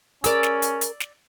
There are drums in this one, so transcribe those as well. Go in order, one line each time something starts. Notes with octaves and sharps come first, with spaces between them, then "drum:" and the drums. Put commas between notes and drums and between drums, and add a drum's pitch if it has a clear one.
C#4 G#4 A#4 D5 E6, drum: hi-hat
drum: snare
drum: hi-hat
drum: hi-hat
drum: snare